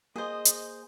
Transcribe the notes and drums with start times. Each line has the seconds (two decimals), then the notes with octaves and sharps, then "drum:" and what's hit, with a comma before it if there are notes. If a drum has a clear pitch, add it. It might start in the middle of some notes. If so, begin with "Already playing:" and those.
0.16 A#3 G#4 C5 D#5
0.45 drum: hi-hat